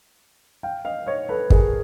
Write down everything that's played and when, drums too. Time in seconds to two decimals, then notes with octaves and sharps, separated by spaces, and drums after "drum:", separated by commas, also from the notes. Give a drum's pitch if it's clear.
0.63 F5 G5
0.85 D#5 F5
1.06 C#5 D#5
1.29 A4 B4
1.50 G#4 A#4, drum: kick